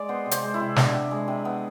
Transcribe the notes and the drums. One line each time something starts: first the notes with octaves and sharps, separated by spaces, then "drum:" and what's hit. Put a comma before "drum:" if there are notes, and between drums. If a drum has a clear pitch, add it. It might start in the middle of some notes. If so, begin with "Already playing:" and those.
Already playing: G#3 D5
B3 C5
C3
C5, drum: hi-hat
G#3
E4
C3
B3 D4, drum: snare
C3
G#3
C3
B3